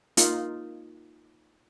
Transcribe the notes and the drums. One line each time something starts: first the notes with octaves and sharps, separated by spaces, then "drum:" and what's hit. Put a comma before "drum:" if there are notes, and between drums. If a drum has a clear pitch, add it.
A#3 D#4 F4, drum: hi-hat